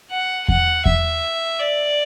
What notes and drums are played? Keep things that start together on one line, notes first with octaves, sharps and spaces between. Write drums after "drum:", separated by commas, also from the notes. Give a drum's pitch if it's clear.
F#5
F#5, drum: kick E2
E5, drum: kick E2
D5